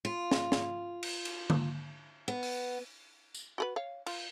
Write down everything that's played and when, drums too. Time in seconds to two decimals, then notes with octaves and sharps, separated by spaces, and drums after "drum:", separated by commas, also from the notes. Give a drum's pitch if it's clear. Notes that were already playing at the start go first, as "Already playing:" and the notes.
0.05 F4
0.31 drum: snare
0.52 drum: snare
1.03 drum: cymbal
1.25 drum: cymbal
1.50 drum: tom D3
2.28 B3
2.43 drum: open hi-hat
3.35 drum: tambourine
3.58 F#4 G#4 B4
3.76 C#5 F5
4.06 F4, drum: cymbal